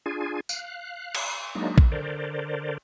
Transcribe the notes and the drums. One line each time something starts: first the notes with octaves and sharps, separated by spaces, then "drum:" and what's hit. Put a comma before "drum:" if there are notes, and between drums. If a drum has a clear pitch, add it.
D4 F4 G#4 G#5
F5 F#6, drum: tambourine
drum: cymbal
F#3 G#3 A#3 D4 D#4
drum: kick A#1
D3 A#4 C5 D5